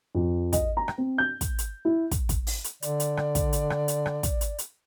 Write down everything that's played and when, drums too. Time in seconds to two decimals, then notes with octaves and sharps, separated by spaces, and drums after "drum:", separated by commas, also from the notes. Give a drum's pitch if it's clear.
0.15 F2
0.53 D#5, drum: kick, hi-hat
0.77 A#5
0.88 drum: rim click
0.98 C4
1.18 G6
1.41 drum: kick, hi-hat
1.58 drum: hi-hat
1.85 E4
2.11 drum: kick, hi-hat
2.29 drum: kick, hi-hat
2.47 drum: open hi-hat
2.64 drum: hi-hat
2.82 D3 D5, drum: hi-hat
3.00 drum: hi-hat
3.17 drum: rim click
3.35 drum: kick, hi-hat
3.53 drum: hi-hat
3.70 drum: rim click
3.88 drum: hi-hat
4.06 drum: rim click
4.23 drum: kick, hi-hat
4.41 drum: hi-hat
4.59 drum: hi-hat